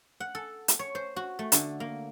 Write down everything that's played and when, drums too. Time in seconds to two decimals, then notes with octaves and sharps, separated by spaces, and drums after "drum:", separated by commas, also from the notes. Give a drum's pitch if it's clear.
0.20 F#5
0.35 A4
0.68 drum: hi-hat
0.79 C#5
0.95 C5
1.16 F#4
1.39 A3
1.52 D3, drum: hi-hat
1.80 A#3